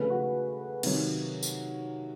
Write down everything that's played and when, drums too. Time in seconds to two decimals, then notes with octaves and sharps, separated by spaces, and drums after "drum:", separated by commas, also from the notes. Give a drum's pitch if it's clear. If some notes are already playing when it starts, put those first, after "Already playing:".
Already playing: C#3 F3 A3 B4
0.10 F#4
0.83 C3 D#3 F#3, drum: cymbal
1.43 drum: tambourine